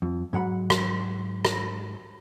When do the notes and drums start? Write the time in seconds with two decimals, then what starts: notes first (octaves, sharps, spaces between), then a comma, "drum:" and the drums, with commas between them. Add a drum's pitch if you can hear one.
0.02 F2
0.33 G#2 F#3 F#5 B5
0.70 drum: rim click
1.45 drum: rim click